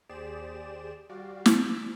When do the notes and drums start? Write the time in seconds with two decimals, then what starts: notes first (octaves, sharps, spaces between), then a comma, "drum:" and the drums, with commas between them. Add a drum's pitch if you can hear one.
0.09 D#2 G4 G#4 C5 D5 E7
1.09 G3 F#4 G4 D5 F5
1.46 drum: snare
1.57 E6 A6 B6 D7